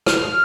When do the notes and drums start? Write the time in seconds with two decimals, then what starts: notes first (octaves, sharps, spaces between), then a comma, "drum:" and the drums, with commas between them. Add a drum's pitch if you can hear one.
0.06 F6, drum: rim click